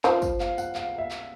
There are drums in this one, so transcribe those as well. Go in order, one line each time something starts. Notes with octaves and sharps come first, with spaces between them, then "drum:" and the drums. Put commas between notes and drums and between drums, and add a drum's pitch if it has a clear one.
F3 F5, drum: clap
drum: kick, tambourine
F5, drum: clap
F#5, drum: tambourine
F5, drum: clap
E5
drum: clap